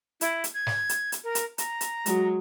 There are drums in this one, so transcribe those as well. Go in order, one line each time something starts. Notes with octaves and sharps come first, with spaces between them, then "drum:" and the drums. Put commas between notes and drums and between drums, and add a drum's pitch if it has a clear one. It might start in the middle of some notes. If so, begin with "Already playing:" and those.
E4, drum: hi-hat
drum: hi-hat
G#6
drum: snare
drum: hi-hat
drum: hi-hat
A#4
drum: hi-hat
A#5, drum: hi-hat
drum: hi-hat
F#3 G#3, drum: hi-hat